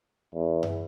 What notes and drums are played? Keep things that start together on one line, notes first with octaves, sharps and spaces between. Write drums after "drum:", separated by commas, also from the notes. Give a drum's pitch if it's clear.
E2
drum: tom F#2